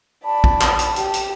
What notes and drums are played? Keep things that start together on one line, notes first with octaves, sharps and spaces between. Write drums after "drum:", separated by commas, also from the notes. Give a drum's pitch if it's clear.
D5 A5 B5
drum: kick
drum: clap
drum: hi-hat
G4, drum: hi-hat
drum: hi-hat